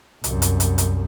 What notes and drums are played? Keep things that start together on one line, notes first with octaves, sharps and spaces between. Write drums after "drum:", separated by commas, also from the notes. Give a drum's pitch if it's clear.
C2 F#2, drum: hi-hat
drum: hi-hat
drum: hi-hat
drum: hi-hat